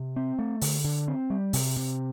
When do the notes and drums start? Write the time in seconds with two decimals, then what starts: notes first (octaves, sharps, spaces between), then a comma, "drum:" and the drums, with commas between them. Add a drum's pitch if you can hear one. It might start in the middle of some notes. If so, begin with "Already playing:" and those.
Already playing: C3
0.16 C4
0.39 A3
0.61 D3, drum: open hi-hat
0.84 D3
1.08 C4
1.30 G3
1.53 C3, drum: open hi-hat
1.76 C3